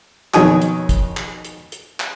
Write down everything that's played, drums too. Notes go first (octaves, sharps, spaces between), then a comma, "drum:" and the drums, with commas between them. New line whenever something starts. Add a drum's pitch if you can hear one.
F2 B2 D#3 C#5 G#5 D#6, drum: clap
drum: hi-hat
drum: kick, hi-hat
drum: clap
drum: hi-hat
drum: hi-hat
drum: clap